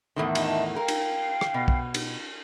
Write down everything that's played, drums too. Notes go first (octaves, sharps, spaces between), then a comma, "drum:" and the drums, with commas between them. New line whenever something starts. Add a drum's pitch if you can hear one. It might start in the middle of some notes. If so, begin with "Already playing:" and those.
E2 A2 D#3
D#5 E5 A5, drum: cymbal
A#4 F5 G5
drum: cymbal
drum: rim click
B2
drum: kick
drum: cymbal